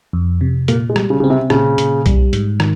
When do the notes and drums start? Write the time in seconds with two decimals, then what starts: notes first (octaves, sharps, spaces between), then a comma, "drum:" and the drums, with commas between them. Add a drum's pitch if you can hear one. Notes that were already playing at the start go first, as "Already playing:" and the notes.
0.13 F2
0.41 C3
0.68 A#2 A#3, drum: hi-hat
0.90 G#3
0.96 G3, drum: rim click
1.10 C#3
1.20 C#3 C4
1.30 C3
1.50 A#2 C#3, drum: rim click
1.78 A#2, drum: hi-hat
2.06 G3, drum: kick B1, hi-hat
2.33 G#2, drum: hi-hat
2.60 D#3, drum: rim click